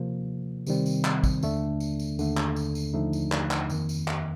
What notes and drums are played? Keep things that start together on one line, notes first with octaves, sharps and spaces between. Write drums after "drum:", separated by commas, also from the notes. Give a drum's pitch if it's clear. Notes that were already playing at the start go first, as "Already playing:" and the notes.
Already playing: C3 F3 A#3
C3 D#3 G3 C4, drum: tambourine
drum: tambourine
drum: clap
drum: kick, tambourine
D#2 D3 A3 D4, drum: tambourine
drum: tambourine
drum: tambourine
D#2 D3 A3, drum: tambourine
drum: clap
drum: tambourine
drum: tambourine
D#2 D3 F3 A3 D#4
drum: tambourine
drum: clap
drum: clap
F2 D#3 A#3, drum: tambourine
drum: tambourine
drum: clap